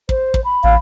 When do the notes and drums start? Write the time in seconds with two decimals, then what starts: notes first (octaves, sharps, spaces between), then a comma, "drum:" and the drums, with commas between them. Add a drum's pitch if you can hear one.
0.09 C5, drum: kick
0.34 drum: kick
0.44 B5
0.64 A1 F5